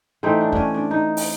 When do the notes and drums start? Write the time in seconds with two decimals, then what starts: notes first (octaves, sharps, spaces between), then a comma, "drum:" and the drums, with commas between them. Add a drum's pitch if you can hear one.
0.23 E3 A3 C4 D#4
0.41 D4
0.52 C#4 D4, drum: kick
0.74 D4
0.91 D#4
1.17 drum: open hi-hat